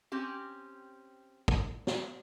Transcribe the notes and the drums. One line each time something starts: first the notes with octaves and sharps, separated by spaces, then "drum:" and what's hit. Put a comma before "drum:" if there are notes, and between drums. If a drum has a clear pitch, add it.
C4 C#4 G4
drum: kick
drum: snare